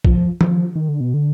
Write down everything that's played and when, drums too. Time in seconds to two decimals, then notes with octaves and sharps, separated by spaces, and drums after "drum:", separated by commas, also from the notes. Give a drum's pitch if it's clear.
0.05 F3, drum: kick
0.41 F3, drum: tom D#3
0.76 D#3
0.88 D3
1.01 B2
1.14 D3